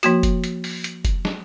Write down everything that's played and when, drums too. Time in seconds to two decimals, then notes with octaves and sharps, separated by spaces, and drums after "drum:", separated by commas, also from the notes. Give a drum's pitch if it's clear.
0.03 F3 A#3 F#4, drum: hi-hat
0.23 drum: kick F1, hi-hat
0.44 drum: hi-hat
0.64 drum: open hi-hat
0.84 drum: hi-hat
1.05 drum: kick F1, hi-hat
1.25 drum: snare